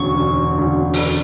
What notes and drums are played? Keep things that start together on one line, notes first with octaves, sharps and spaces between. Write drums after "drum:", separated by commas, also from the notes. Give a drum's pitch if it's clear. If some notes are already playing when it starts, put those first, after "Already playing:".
Already playing: E1 D2 C#3 C#6
E1
D2 C#3
drum: open hi-hat